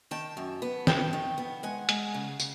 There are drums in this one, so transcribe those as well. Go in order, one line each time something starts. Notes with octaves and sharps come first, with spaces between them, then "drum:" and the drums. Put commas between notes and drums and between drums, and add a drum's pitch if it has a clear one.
D#3 G5 A5
F#2
B3
F#2 G5 A5, drum: snare
D#3
B3
G#3 F#5 G#5
G#3, drum: hi-hat
C#3
C#3, drum: tambourine